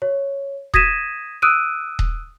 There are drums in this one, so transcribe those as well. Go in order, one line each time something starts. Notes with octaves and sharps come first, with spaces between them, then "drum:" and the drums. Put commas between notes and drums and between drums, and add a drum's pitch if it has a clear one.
C#5
D#6 G#6 A#6 B6 D#7 E7, drum: kick D#1
D#6 E6 F#6 D7 D#7
drum: kick D#1